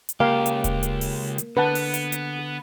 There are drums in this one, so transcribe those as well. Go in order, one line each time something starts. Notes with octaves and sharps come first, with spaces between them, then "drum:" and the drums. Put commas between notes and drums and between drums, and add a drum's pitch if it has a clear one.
drum: hi-hat
C#2 A#3 G4 F5
drum: hi-hat
drum: kick D#1, hi-hat
drum: hi-hat
drum: open hi-hat
drum: hi-hat
D3 B3 B4 F#5 A5
drum: open hi-hat
drum: hi-hat
drum: hi-hat